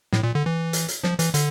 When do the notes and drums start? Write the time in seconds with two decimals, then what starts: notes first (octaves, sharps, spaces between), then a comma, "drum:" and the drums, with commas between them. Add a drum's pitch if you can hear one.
0.13 A2, drum: snare
0.23 A#2
0.35 D3
0.46 E3
0.73 drum: hi-hat
0.88 drum: hi-hat
1.04 F3, drum: snare
1.19 E3, drum: hi-hat
1.34 D3, drum: hi-hat